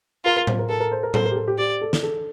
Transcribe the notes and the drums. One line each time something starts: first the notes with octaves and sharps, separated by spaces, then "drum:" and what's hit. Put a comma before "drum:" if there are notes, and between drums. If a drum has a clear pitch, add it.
F4 A#4
A#4
C5, drum: tom A2
A#4
A4 A#4
A#4
C5
A#4
A4 C5, drum: tom A2
A#4
G4
A4
G4
G4 D5
A4
drum: snare
A4